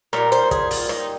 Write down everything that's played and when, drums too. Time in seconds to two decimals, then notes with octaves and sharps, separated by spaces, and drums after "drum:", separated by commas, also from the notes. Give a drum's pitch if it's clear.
0.13 A#2 G3 A#4, drum: rim click
0.32 C5, drum: hi-hat
0.51 G#4, drum: kick, hi-hat
0.71 F4, drum: open hi-hat
0.89 D#4, drum: rim click